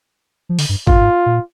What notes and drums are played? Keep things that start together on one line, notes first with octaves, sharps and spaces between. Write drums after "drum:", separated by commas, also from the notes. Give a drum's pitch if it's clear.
F3
D3, drum: open hi-hat
G2
G2 F4, drum: kick G#1
G#2
A#2